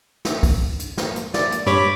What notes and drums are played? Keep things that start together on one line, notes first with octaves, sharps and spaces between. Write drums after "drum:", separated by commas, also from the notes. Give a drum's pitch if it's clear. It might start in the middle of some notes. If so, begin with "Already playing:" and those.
drum: snare
drum: kick, open hi-hat
drum: hi-hat
drum: snare
drum: hi-hat
D5, drum: snare
drum: hi-hat
G2 G3 C#5 B5 D6